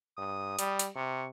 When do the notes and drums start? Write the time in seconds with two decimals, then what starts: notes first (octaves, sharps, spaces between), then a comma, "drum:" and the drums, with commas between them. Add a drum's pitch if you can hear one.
0.17 G2 D#6
0.59 G3, drum: hi-hat
0.79 drum: hi-hat
0.96 C3 C#6